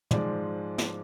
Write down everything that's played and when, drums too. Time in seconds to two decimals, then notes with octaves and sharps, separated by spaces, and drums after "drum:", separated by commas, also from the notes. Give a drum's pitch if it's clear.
0.11 G#2 F3 G#3 D5, drum: tom
0.78 drum: snare